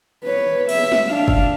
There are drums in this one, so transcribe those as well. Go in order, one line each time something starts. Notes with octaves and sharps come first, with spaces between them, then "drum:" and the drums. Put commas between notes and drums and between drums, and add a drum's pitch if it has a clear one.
B4 C#5
E5, drum: cymbal
drum: snare
D4 F5
drum: kick